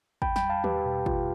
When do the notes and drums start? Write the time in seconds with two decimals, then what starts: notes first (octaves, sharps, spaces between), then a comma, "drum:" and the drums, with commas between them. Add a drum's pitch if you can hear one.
0.22 E2 G5 B5, drum: kick
0.36 G5 B5, drum: snare
0.43 G3
0.50 F5 A5
0.64 E2 G4 B4, drum: tom
0.85 B2
1.06 E2 F4, drum: kick